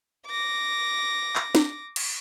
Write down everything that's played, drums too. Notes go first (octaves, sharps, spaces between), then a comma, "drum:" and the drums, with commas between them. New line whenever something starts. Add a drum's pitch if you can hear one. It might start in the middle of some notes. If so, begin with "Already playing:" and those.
D6 A#6
drum: clap
drum: snare D4
drum: cymbal